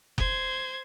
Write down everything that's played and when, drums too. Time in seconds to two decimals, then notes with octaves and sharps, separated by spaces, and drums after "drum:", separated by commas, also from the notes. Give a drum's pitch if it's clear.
0.18 C5 G#6, drum: kick F#1